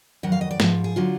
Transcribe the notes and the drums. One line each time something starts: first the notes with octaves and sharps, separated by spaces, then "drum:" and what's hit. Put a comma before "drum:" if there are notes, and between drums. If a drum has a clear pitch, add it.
F2 D#3 F#3 F#5
F5
D#5
D5
G#2 F3 B4, drum: snare
G#4
D3 F#3 F4